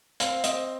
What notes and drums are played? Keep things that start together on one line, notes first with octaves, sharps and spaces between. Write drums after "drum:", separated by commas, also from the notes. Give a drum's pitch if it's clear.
C4 F5, drum: hi-hat
C4 D#5, drum: hi-hat